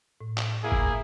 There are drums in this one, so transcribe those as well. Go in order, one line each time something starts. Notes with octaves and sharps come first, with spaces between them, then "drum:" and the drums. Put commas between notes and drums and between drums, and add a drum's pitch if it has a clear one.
A2
drum: clap
A#3 E4 G#4
drum: kick